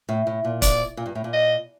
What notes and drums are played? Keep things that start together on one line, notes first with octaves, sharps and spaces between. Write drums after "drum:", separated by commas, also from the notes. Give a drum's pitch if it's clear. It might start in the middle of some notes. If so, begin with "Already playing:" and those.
A2
A2
A#2
D5, drum: kick, hi-hat
A#2
G2
A2
A#2
D#5